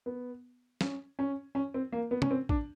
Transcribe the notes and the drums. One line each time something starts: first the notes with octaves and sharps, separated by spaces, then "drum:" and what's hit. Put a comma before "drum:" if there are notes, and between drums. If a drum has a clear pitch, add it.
B3
C#4, drum: snare
C#4
C#4
C4
A#3
B3
C#4, drum: tom
C4
D4, drum: kick A1